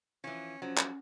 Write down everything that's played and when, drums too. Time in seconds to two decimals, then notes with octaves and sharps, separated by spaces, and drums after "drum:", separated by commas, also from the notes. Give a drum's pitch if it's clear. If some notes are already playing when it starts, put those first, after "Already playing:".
0.24 E3 F3 C#4
0.62 F3 F#3 C#4
0.78 drum: clap